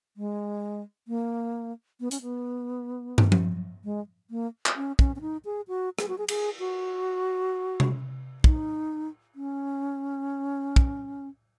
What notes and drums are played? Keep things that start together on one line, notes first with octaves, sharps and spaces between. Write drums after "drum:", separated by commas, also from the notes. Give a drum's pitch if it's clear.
G#3
A#3
B3
C#4, drum: hi-hat
B3
drum: tom
drum: tom F3
G#3
A#3
drum: clap
C#4
C#4, drum: kick
C#4
D#4
G#4
F#4
G#4, drum: rim click
F#4
G#4
G#4, drum: cymbal
F#4
drum: tom C3
D#4, drum: kick
C#4
drum: kick